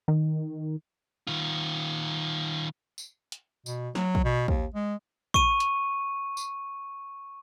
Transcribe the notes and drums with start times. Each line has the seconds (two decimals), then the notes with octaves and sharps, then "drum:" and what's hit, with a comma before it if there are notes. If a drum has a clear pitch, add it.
0.08 D#3
1.27 D#3 F4
2.98 drum: tambourine
3.32 drum: hi-hat
3.66 B2, drum: tambourine
3.95 F#3, drum: snare
4.15 drum: kick
4.24 B2
4.48 D#2, drum: kick
4.74 G#3
5.34 C#6 D#7, drum: kick
5.60 drum: hi-hat
6.37 drum: tambourine